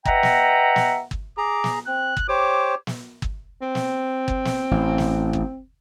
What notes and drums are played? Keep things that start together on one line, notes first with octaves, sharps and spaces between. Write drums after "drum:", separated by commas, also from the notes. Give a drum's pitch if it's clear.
B4 D#5 E5 F#5 G5 A#5, drum: kick
drum: snare
drum: snare
drum: kick
G#4 A#5 D6
drum: snare
C4 F#6
drum: kick
G4 C5 C#5 D6
drum: snare
drum: kick
C4
drum: snare
drum: kick
drum: snare
A1
drum: snare
drum: kick